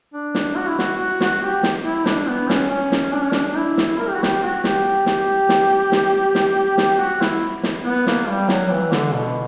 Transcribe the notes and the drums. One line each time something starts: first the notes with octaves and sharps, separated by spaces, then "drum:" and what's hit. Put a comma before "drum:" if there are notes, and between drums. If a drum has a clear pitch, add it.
D4
drum: snare
F#4
E4
F#4, drum: snare
F#4
F#4, drum: snare
G4
drum: snare
E4
D4, drum: snare
B3
C#4, drum: snare
C#4
drum: snare
D4
C#4
D4, drum: snare
E4
drum: snare
A#4
G4
F#4
G4, drum: snare
F#4
G4, drum: snare
G4
G4, drum: snare
drum: snare
drum: snare
drum: snare
drum: snare
F#4
E4, drum: snare
drum: snare
B3
A#3, drum: snare
G3
F#3, drum: snare
F#3
E3
D3, drum: snare
B2